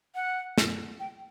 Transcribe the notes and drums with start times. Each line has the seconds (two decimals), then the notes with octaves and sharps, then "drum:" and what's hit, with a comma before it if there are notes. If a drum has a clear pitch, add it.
0.15 F#5
0.58 drum: snare
1.00 G5